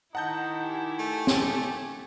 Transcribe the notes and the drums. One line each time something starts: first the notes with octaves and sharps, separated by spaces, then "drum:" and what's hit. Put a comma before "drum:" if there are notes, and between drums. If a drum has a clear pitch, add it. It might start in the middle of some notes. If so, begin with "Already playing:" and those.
D#3 D#4 E4 F#5 A5 G6
G4 G#5
A3
drum: snare